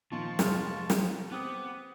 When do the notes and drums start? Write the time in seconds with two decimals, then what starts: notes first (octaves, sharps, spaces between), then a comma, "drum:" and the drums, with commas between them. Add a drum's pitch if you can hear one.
0.12 A#2 D#3 F3 F4 A5 C#6
0.39 F1 G#3 F6, drum: snare
0.90 drum: snare
1.31 B3 C4 G4 D#6 F#6